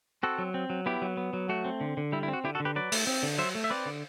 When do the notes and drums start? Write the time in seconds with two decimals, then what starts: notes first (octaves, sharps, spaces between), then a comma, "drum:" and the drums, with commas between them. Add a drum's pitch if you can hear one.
0.23 C4 F#4 A4
0.38 F#3
0.54 C4
0.70 F#3
0.86 B3 E4 G4
1.02 F#3
1.17 B3
1.33 F#3
1.49 A3 F#4
1.65 C4
1.81 D3
1.97 D3
2.12 G3 E4
2.23 E4
2.28 C4
2.33 F#4
2.44 D3 E4 G4
2.55 F#4 A4
2.60 D3
2.65 G4 B4
2.76 F#3 B4 D5
2.92 A3, drum: open hi-hat
3.07 C4
3.23 D3
3.38 F#3 C5 E5
3.55 A3
3.64 E5
3.70 C4 B4 D5
3.86 D3